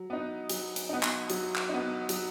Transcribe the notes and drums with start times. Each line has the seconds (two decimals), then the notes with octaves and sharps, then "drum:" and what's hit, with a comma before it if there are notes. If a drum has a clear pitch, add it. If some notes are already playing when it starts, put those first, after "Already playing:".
Already playing: F#3
0.10 B3 D#4
0.50 F#3, drum: hi-hat
0.76 drum: hi-hat
0.89 B3 D#4
1.03 drum: clap
1.30 F#3, drum: hi-hat
1.56 drum: clap
1.69 B3 D#4
2.09 F#3, drum: hi-hat